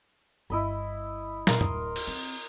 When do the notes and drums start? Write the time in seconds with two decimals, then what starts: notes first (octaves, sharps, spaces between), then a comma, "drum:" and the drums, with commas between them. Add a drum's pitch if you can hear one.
0.50 G1 E4 D#5 B5
1.47 A#2 A#4 C6, drum: snare
1.61 D1 D#6, drum: tom
1.96 drum: cymbal
2.07 C4